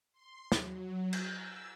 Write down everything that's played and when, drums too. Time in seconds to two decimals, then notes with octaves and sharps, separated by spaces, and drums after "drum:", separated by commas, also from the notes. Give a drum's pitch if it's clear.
0.12 C6
0.52 F#3, drum: snare
1.13 drum: cymbal
1.30 E6